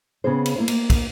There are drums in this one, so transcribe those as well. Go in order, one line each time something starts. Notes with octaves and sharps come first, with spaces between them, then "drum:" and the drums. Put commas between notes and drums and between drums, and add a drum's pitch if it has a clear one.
C#3 B3 C4 G#4 C5
drum: cymbal
A#3 E4 C5
A#3, drum: cymbal
drum: kick, cymbal